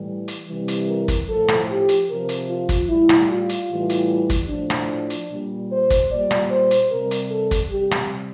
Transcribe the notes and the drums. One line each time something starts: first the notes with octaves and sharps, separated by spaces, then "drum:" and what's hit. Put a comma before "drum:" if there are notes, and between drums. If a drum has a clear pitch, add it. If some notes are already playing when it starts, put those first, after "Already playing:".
Already playing: A2 E3 G3
drum: hi-hat
C3 E3 G3
drum: hi-hat
A#4
drum: kick, hi-hat
A2 F3 A4
drum: rim click
G4
drum: hi-hat
C3 A#4
F3
drum: hi-hat
F4
drum: kick, hi-hat
A2 G3 E4
drum: rim click
F4
drum: hi-hat
A2 E3 G3
drum: hi-hat
drum: kick, hi-hat
A2 F3 D4
drum: rim click
drum: hi-hat
A#2 G3
C5
drum: kick, hi-hat
A#2 G3 D5
drum: rim click
C5
drum: hi-hat
C3 G3 A#4
drum: hi-hat
A4
drum: kick, hi-hat
C3 G3 G4
drum: rim click